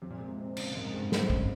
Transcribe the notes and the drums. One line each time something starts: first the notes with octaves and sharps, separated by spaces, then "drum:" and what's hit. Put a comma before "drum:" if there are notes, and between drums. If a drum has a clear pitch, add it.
F2 C3
A#2
C3 G#3
C4
A#2 C#3, drum: cymbal
F2 G#2
G2 G#3
G#2 C4, drum: snare
C#3, drum: kick